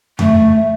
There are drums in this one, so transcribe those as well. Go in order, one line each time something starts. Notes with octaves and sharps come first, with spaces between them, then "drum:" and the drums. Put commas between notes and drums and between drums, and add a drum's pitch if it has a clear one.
A3, drum: tom F2